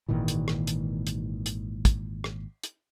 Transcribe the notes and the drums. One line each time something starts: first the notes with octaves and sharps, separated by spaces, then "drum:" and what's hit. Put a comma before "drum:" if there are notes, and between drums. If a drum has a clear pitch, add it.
G#1 A#2 D#3 E3
drum: hi-hat
drum: rim click
drum: hi-hat
drum: hi-hat
drum: hi-hat
drum: kick, hi-hat
drum: rim click
drum: hi-hat